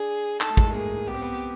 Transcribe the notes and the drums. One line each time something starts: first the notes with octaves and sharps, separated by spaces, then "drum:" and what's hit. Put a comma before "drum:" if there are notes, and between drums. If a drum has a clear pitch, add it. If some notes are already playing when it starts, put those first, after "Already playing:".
Already playing: D4 G#4
D#4 A4, drum: clap
A3
G#3, drum: kick
A3
A#3 G#4
B3 G4
C4
B3